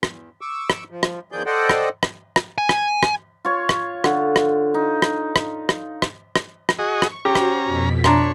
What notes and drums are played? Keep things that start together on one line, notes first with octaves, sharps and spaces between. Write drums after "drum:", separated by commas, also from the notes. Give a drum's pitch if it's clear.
E2, drum: rim click
C#6 D6 E6
drum: rim click
F3
drum: rim click
E2 D#3 F3 G#4 D5 G6
A4 C5 D5 D#5 F#5 G5
drum: rim click
drum: rim click
drum: rim click
G#5
drum: rim click
drum: rim click
F4 C#5
drum: rim click
D3, drum: rim click
drum: rim click
D#4
drum: rim click
drum: rim click
drum: rim click
drum: rim click
drum: rim click
drum: rim click
F#4 G#4 D#5 C#6
drum: rim click
C#4 F#4 G4 C5 A#5
drum: rim click
F2 B2 B6
D4 C#5 A#5 C6, drum: rim click